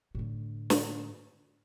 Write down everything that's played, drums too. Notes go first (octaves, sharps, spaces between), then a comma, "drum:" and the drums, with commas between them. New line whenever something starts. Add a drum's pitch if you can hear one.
A2 D3
drum: snare